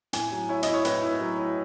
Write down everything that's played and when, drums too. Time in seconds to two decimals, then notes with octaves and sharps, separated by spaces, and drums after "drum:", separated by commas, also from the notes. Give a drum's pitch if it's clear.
0.13 A2 G#5, drum: hi-hat
0.32 F#3
0.49 E4 C#5
0.63 E4 D#5, drum: hi-hat
0.74 C#5
0.85 A2 B4, drum: hi-hat
1.02 E4
1.20 F#3
1.39 E4